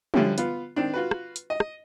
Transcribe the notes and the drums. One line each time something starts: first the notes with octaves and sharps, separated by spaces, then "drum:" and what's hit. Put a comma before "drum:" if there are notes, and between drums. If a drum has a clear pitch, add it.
D3 F3 G3 C#4 E4, drum: tom
B3 F4, drum: hi-hat
D#3 C4 D4
F4 F#4 B4
drum: rim click
drum: hi-hat
D#5
drum: rim click